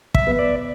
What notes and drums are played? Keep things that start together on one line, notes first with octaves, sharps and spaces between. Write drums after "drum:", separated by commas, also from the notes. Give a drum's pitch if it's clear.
E5, drum: kick
B3
D5